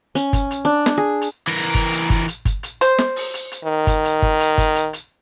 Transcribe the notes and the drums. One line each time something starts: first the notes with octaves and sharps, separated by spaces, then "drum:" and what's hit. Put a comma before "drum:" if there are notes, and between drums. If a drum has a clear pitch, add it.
C#4, drum: hi-hat
drum: kick G1, hi-hat
drum: hi-hat
D4
drum: snare
G#4
drum: hi-hat
E3 A#4
drum: hi-hat
drum: kick G1, hi-hat
drum: hi-hat
drum: kick G1, hi-hat
drum: hi-hat
drum: kick G1, hi-hat
drum: hi-hat
C5, drum: hi-hat
drum: snare
drum: open hi-hat
drum: hi-hat
drum: hi-hat
D#3
drum: kick G1, hi-hat
drum: hi-hat
drum: kick G1
drum: hi-hat
drum: kick G1, hi-hat
drum: hi-hat
drum: hi-hat